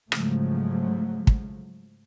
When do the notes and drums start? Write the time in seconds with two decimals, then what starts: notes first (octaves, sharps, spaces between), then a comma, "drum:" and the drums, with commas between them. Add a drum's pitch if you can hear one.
0.12 G#2 C#3 F3 F#3 G#3 A3, drum: rim click
1.27 drum: kick